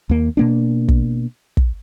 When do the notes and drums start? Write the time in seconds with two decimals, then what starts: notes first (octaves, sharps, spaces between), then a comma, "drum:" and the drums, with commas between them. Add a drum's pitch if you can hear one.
0.09 D#2 A#3
0.37 B2 A#3 D4
0.88 drum: kick
1.57 drum: kick